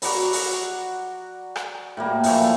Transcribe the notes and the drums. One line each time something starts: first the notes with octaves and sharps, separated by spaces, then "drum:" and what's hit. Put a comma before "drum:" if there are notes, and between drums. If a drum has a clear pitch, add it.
F#4 D5 A#5 B5, drum: open hi-hat
drum: open hi-hat
drum: rim click
A2 G3 A#3
A#2 E3 F3 A3, drum: open hi-hat